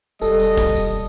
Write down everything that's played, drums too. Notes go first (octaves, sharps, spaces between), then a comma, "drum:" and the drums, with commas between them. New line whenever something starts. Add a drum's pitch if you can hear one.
E1 G3 A4 D#5, drum: tambourine
drum: tambourine
drum: kick, tambourine
drum: tambourine